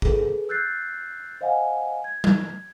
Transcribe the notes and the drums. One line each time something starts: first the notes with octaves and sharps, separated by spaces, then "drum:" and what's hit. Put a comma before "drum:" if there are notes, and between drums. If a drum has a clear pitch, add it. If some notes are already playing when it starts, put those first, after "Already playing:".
G#4 A4 B4, drum: kick
E6 F#6 G6 A6 C7
C5 D#5 F5 F#5 G#5
G#6
drum: tom F#3